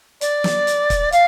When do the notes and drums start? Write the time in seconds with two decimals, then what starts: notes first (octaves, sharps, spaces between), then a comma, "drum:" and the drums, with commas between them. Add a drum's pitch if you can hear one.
0.21 D5, drum: hi-hat
0.44 drum: snare
0.67 drum: hi-hat
0.90 drum: kick, hi-hat
1.12 F5, drum: hi-hat